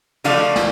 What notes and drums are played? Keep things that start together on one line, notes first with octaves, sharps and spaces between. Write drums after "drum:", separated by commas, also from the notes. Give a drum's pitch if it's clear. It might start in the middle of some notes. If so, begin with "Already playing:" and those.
D3 F3 A3 D5 F5, drum: cymbal
drum: snare